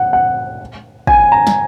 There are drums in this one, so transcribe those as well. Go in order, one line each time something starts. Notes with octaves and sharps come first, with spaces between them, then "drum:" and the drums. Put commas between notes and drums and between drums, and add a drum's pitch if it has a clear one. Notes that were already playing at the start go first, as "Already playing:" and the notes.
Already playing: F#5
F#5
G#5, drum: kick
A#5
drum: snare